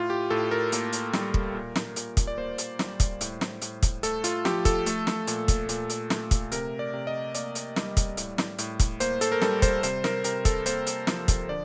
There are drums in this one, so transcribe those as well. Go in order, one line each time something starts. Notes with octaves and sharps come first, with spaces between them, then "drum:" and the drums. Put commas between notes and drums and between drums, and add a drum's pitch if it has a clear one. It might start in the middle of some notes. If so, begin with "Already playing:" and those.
Already playing: A2 F4
G4
A2 A4
A#4
A#3, drum: hi-hat
drum: hi-hat
G3, drum: snare
drum: kick
A#2
drum: snare
A#2, drum: hi-hat
drum: kick, hi-hat
D5
A#3 C5
drum: hi-hat
G3, drum: snare
drum: kick, hi-hat
A2, drum: hi-hat
drum: snare
A2, drum: hi-hat
drum: kick, hi-hat
A3 A4, drum: hi-hat
F4, drum: hi-hat
F3 G4, drum: snare
A4, drum: kick, hi-hat
A3, drum: hi-hat
drum: snare
A#2, drum: hi-hat
drum: kick, hi-hat
A#2, drum: hi-hat
drum: hi-hat
A3, drum: snare
drum: kick, hi-hat
C3 A#4, drum: hi-hat
D5
C3
D#5
A#3 D5, drum: hi-hat
drum: hi-hat
G3, drum: snare
drum: kick, hi-hat
A2, drum: hi-hat
drum: snare
A2, drum: hi-hat
drum: kick, hi-hat
A#3 C5, drum: hi-hat
A4, drum: hi-hat
A#4
G3 A4, drum: snare
C5, drum: kick, hi-hat
C3 C5, drum: hi-hat
A#4, drum: snare
C3 A#4, drum: hi-hat
A4, drum: kick, hi-hat
A#3 C5, drum: hi-hat
drum: hi-hat
F3, drum: snare
drum: kick, hi-hat
D3 D5